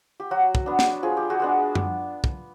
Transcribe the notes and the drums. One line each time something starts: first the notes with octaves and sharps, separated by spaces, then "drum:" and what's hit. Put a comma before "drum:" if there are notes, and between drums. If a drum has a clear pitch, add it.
G4
F#3 F#4
drum: kick
B3 D4
drum: snare
F3 G#4
G4
F#4 G#4
G#3 B3 D4
drum: tom F#2
drum: kick